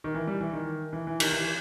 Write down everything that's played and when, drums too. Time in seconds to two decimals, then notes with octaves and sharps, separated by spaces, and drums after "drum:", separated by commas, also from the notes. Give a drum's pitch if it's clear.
0.04 D#3
0.14 E3
0.27 G3
0.41 E3
0.53 D#3
0.93 E3
1.07 E3
1.20 D#3, drum: cymbal
1.32 E3